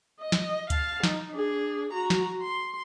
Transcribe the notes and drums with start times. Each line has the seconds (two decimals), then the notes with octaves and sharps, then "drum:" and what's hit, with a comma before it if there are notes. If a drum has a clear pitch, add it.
0.20 D#5
0.32 drum: snare
0.70 F5 A5, drum: kick, hi-hat
1.04 D#4, drum: snare
1.33 D4 G#4
1.92 F#4 A#5
2.10 drum: snare
2.42 C6